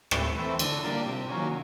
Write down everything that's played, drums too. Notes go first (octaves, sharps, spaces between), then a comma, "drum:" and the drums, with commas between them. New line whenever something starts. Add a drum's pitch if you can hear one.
A2, drum: rim click
E3 A3 C4
D3, drum: cymbal
G3 A#3 D4
C3
D#3 F#3 A#3 C#4